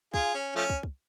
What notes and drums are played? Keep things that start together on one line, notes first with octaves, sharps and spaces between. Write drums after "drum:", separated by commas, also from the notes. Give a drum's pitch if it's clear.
F4 G#4, drum: kick
C#4
F3 A3 C#4
drum: kick
drum: kick